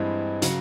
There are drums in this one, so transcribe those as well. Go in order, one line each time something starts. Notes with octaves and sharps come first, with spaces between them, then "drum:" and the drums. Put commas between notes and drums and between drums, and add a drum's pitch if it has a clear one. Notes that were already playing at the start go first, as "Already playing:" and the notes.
Already playing: G2 E3 G#3 C4 E4
C#3 F#3, drum: hi-hat